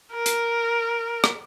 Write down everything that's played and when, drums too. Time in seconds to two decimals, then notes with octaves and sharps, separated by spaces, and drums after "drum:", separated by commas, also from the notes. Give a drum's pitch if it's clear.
0.13 A#4
0.26 drum: hi-hat
1.24 drum: rim click